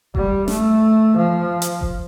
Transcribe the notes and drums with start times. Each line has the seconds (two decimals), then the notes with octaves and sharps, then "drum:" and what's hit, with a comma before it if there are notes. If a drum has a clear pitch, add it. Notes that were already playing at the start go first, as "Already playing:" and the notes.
0.15 G3, drum: kick F1
0.48 A3, drum: snare
1.16 F3
1.62 drum: hi-hat
1.81 drum: kick F1